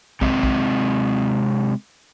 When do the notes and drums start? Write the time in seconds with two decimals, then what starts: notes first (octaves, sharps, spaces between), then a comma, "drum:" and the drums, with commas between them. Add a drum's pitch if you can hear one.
0.21 C3 G#3 C4 D#5, drum: kick
0.43 drum: kick